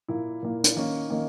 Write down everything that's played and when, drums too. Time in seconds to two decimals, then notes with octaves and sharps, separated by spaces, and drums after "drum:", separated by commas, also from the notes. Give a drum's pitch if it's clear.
0.08 A#2 A#3 E4
0.43 A#2 A#3 E4
0.64 drum: hi-hat
0.76 D#3 A#3 C#4
1.10 D#3 A#3 C#4